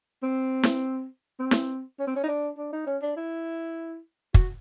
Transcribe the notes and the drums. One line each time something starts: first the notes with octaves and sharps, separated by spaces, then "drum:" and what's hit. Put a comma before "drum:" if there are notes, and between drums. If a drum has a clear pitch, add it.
C4
drum: snare
C4
drum: snare
C#4
C4
C#4
D#4
D4
D4
D#4
C#4
D4
E4
F#4, drum: kick